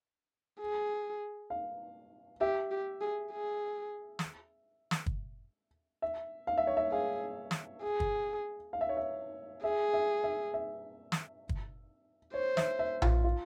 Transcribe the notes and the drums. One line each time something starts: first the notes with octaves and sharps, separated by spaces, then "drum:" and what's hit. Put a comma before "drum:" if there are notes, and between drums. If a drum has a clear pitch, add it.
G#4
F5
G4 E5
G4
G#4
G#4
drum: snare
drum: snare
drum: kick
E5
F5
E5
C#5
E5
G#4 F5
drum: snare
G#4
drum: kick
F5
E5
C#5
E5
G#4 E5
E5
E5
E5
drum: snare
drum: kick
C5 C#5
E5, drum: snare
E5
F4, drum: tom A#1
F4